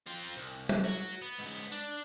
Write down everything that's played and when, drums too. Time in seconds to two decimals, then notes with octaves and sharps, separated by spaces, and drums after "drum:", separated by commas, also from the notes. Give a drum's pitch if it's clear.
0.06 C4 F4
0.37 C2
0.69 drum: tom F#3
0.84 F#3 F#4
1.21 B3
1.39 G#2 B3
1.72 D4